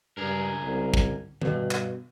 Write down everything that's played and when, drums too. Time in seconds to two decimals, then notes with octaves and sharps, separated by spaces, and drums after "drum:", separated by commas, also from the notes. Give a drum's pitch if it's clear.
0.17 C#2 G2 G#4 A#4
0.63 C2
0.94 drum: kick
1.42 G2 B2, drum: tom D#3
1.71 drum: clap